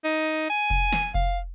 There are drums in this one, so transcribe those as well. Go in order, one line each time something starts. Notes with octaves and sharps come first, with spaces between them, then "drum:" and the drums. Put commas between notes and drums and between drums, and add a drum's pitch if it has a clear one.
D#4
G#5
drum: kick F1
drum: snare
F5, drum: kick F1